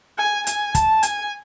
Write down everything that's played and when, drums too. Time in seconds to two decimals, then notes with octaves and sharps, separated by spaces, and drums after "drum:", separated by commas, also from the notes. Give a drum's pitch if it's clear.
0.18 G#5
0.47 G#5, drum: hi-hat
0.75 A5, drum: kick, hi-hat
1.03 G#5, drum: hi-hat